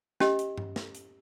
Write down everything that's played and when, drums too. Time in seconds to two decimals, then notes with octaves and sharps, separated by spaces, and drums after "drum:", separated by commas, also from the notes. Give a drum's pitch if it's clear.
0.20 C#4 G4 D#5, drum: snare
0.39 drum: hi-hat
0.58 drum: tom G2
0.76 drum: snare
0.95 drum: hi-hat